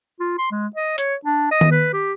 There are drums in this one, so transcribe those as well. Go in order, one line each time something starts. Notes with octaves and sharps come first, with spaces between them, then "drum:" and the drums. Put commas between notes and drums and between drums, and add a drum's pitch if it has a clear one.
F4
C6
G#3
D#5
C#5, drum: hi-hat
D4
D#5
drum: tom D#3
B4
G4